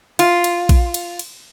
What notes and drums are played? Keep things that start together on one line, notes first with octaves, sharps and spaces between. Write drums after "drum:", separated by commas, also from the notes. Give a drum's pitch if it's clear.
F4, drum: cymbal
drum: cymbal
drum: kick A#1, cymbal
drum: cymbal
drum: cymbal